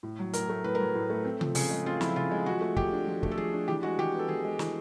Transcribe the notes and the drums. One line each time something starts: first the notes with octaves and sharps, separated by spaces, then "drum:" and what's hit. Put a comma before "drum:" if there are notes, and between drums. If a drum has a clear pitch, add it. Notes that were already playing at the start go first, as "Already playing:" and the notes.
A2
F#3
A2 A#4, drum: hi-hat
A3
A2 B4
A#4
F#3
A2
A3
C4
F3, drum: tom C3
C#3 G#4, drum: open hi-hat
G#3
C4 F4
F3 E4, drum: snare
C#3 F4
G#3
F3 F#4
A3
F3 G4, drum: kick
D4
F3
A3, drum: kick
A4
F3 G#4
D4
E3 G4
G#3 F#4
E3 G4
B3
A4
E3 G#4
G#3
E3, drum: snare